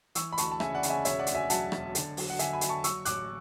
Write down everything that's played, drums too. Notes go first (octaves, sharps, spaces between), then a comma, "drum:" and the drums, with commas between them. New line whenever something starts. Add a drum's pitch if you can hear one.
E3 C#6 E6, drum: hi-hat
B5
D2 A5 C#6, drum: hi-hat
A5
C#3 E5 G#5, drum: rim click
D5 F#5
C#3, drum: hi-hat
E5 G#5
E1 C#5 E5, drum: hi-hat
D5 F#5
D2, drum: hi-hat
E5 G#5
F#3 F#5 A5, drum: hi-hat
E1, drum: rim click
D3, drum: hi-hat
F#3, drum: open hi-hat
F#5
D3 E5 G#5, drum: hi-hat
G#5 B5
F#3, drum: hi-hat
A5 C#6
F#3 C#6 E6, drum: hi-hat
A1 D6 F#6, drum: hi-hat